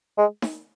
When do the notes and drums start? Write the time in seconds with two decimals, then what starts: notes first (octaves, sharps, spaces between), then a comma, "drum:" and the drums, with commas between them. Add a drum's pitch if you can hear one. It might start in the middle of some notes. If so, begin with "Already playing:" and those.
0.18 G#3
0.42 drum: snare D#4